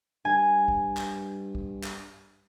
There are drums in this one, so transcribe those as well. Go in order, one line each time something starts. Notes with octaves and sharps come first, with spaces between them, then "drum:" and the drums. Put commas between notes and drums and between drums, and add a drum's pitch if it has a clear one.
G2 G#5
drum: kick
drum: clap
drum: kick
drum: clap